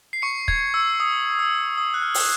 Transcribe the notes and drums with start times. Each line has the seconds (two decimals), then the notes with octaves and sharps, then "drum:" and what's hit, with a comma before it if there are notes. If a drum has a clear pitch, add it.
0.13 C7
0.22 C#6 C#7
0.48 G#6, drum: kick
0.74 E6
1.00 D#6
1.39 E6
1.78 D#6
1.94 F#6
2.02 F6
2.14 drum: open hi-hat